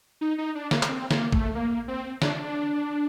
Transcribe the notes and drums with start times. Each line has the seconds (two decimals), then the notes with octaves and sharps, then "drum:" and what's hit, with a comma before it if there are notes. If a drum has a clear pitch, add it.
0.21 D#4
0.38 D#4
0.55 D4
0.71 A#3, drum: snare
0.83 A#3, drum: clap
0.88 C4
1.11 A#3, drum: snare
1.32 A3, drum: kick
1.55 A#3
1.88 C4
2.22 D4, drum: snare